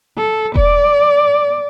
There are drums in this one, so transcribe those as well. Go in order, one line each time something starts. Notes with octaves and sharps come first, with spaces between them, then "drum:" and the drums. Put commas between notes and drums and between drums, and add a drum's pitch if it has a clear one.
A4
D5, drum: kick E1